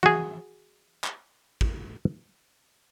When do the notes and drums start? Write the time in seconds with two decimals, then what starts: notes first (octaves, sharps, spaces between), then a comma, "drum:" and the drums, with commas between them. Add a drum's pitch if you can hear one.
0.03 F#4 G#4, drum: tom
1.04 drum: clap
1.61 drum: kick